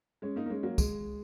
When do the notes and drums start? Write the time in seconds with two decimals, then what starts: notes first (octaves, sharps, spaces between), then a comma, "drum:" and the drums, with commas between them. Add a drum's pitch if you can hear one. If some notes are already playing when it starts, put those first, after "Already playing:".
0.22 G#3 C#4
0.36 A#3 D#4
0.46 A#3
0.50 G#3 C#4
0.63 F#3 A#3
0.78 G#3, drum: kick, tambourine